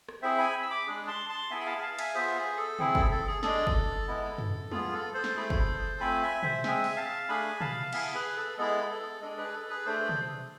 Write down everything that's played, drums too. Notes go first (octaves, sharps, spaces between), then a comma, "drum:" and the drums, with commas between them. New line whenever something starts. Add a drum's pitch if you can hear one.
drum: rim click
C4 E4 G#4 C5 E5
G#5 B5
E6
B5 D6
G#3 D4 G#4
A5 C6
A5 C6
B3 E4 G#4 E5 G#5
B5
F5 A5
G#5
F5 A5
E5 G#5, drum: cymbal
B3 F4 G#4 C5 E5
G#4
A4
C4 E4 G#4, drum: tom
A4, drum: kick
A4
G#4
G#3 D4 G#4 A4, drum: snare
drum: kick
G#3 B3 E4
drum: tom
B3 F4 G#4, drum: tom
A4
A4 C5
drum: snare
A3 E4 G#4
drum: kick
A3 C4 F4 G#5 B5
E5 G#5
C5 E5, drum: tom
G#3 C4 G#4 E5 G#5, drum: snare
drum: open hi-hat
F5 A5
A3 D4 G#4 G#5 B5
F5 A5, drum: tom
B3 E4 G#4 E5 G#5, drum: cymbal
G#4 B4
A4
G#3 B3 E4 G#4 A4
A4
G#3 D4 G#4 A4
G#4 B4
A4
G#4 B4
A3 D4 G#4 A4 C5
drum: tom